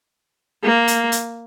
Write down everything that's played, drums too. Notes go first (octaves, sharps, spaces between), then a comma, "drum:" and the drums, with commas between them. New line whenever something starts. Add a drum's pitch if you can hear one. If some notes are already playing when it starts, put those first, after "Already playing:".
A#3
drum: hi-hat
drum: hi-hat